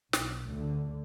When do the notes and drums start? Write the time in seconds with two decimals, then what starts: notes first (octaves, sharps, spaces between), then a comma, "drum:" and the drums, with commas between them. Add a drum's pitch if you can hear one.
0.13 B1, drum: snare
0.48 D2 D3